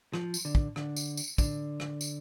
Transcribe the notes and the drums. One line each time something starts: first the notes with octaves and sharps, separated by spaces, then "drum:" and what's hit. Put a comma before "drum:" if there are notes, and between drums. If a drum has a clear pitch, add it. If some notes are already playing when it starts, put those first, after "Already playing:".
F3, drum: rim click
drum: tambourine
D3
drum: kick
D3, drum: rim click
drum: tambourine
drum: tambourine
D3, drum: kick, tambourine
drum: rim click
drum: tambourine